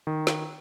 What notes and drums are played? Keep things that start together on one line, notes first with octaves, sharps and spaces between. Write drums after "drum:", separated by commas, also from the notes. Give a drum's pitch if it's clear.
D#3
drum: snare